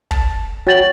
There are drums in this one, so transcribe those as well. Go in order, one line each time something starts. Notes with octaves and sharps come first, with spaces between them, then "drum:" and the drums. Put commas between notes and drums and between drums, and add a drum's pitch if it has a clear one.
A5, drum: kick
F#4 C#5 G5 A6 F#7